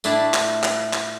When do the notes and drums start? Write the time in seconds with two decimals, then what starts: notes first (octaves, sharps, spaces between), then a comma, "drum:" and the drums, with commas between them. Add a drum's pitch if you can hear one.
0.04 A2 A3 D4 E4 A5, drum: tambourine
0.34 drum: clap
0.63 drum: clap
0.93 drum: clap